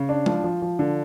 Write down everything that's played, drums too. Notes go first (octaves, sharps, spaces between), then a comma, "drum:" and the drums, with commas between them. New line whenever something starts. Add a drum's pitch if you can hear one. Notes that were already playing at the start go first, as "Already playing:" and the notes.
Already playing: C#3
D4
F3, drum: tom G#3
F3
F3
D3